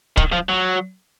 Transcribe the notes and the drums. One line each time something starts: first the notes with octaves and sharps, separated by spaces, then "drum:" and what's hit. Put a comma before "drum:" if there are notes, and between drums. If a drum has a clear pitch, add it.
D#3, drum: kick C#1
F3
F#3